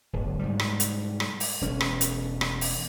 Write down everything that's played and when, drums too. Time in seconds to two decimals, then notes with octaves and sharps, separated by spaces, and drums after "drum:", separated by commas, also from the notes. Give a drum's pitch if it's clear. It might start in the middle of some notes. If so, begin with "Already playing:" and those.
0.13 D1 G1
0.39 G#2 C3 G3
0.59 drum: rim click
0.80 drum: hi-hat
1.20 drum: rim click
1.40 drum: open hi-hat
1.61 E1 E2 C#4
1.81 drum: rim click
2.01 drum: hi-hat
2.41 drum: rim click
2.61 drum: open hi-hat